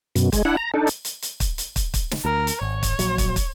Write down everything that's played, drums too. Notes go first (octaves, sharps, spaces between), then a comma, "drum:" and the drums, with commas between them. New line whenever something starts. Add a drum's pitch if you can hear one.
F#2 B2, drum: hi-hat
G#3, drum: kick, hi-hat
D4 E4 F#5
A#5
D4 D#4 A4
drum: hi-hat
drum: hi-hat
drum: hi-hat
drum: kick, hi-hat
drum: hi-hat
drum: kick, hi-hat
drum: kick, hi-hat
drum: snare
D2 A#4
drum: hi-hat
G#1 C#5
drum: kick, hi-hat
A#1 F#3, drum: hi-hat
drum: kick, hi-hat
drum: kick, hi-hat